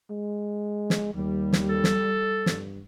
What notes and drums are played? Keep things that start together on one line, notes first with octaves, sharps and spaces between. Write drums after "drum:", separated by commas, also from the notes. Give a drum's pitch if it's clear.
G#3
drum: snare
D#2 G3
drum: snare
A4
drum: snare
G2, drum: snare